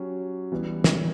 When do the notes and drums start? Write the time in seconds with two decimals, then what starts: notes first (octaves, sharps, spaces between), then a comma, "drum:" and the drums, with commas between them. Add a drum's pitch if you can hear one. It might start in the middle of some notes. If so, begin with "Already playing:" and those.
Already playing: F#3 C#4 G4
0.52 E3 G3 B3
0.84 drum: snare